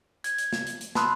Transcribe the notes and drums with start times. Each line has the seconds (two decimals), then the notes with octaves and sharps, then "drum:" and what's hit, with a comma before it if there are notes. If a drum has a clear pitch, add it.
0.24 G#6, drum: hi-hat
0.38 drum: hi-hat
0.53 drum: snare
0.67 drum: hi-hat
0.81 drum: hi-hat
0.95 A5 B5 C6 D#6 E6 F#6, drum: snare